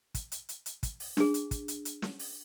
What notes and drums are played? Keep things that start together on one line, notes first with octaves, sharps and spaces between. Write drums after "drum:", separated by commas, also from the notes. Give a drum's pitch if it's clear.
drum: kick, hi-hat
drum: hi-hat
drum: hi-hat
drum: hi-hat
drum: kick, hi-hat
drum: open hi-hat
D4 G#4, drum: snare
drum: hi-hat
drum: kick, hi-hat
drum: hi-hat
drum: hi-hat
drum: snare
drum: open hi-hat